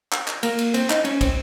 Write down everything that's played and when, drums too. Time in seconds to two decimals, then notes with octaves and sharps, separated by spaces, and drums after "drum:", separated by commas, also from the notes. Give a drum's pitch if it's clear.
0.12 drum: clap
0.28 drum: clap
0.43 A#3, drum: cymbal
0.59 drum: cymbal
0.74 C4, drum: cymbal
0.90 D#4, drum: clap
1.05 C#4, drum: cymbal
1.21 C4, drum: kick, cymbal